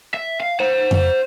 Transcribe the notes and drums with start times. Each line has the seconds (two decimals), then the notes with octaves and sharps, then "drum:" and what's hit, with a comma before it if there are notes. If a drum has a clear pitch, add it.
0.14 E5
0.40 F5
0.60 C5 F#5
0.91 drum: tom F2